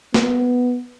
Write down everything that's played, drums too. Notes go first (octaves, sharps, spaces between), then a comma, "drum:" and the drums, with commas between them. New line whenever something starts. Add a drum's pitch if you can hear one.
B3, drum: snare